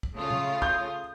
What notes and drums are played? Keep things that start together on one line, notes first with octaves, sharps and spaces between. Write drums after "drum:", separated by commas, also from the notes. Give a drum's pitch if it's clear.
drum: kick
C#3 A3 F4 D#6
drum: tom
G6, drum: kick